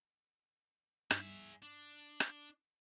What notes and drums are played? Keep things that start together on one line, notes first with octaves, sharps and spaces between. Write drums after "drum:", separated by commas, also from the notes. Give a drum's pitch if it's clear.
G2 D#4 G#4 E5, drum: rim click
D4
drum: rim click